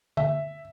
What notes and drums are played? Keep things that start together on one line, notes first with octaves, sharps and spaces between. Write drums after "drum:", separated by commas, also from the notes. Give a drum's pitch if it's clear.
E5, drum: tom D3